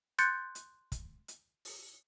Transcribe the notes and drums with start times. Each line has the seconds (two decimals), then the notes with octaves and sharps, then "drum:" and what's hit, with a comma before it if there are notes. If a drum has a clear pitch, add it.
0.18 C6 F#6 G6 A6 C#7, drum: hi-hat
0.55 drum: hi-hat
0.92 drum: kick, hi-hat
1.28 drum: hi-hat
1.65 drum: open hi-hat